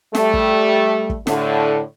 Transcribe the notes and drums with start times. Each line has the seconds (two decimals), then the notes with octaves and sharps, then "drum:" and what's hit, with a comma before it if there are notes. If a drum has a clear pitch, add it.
0.15 G3 A3, drum: snare
0.34 drum: kick
1.10 drum: kick
1.27 A2 D3, drum: snare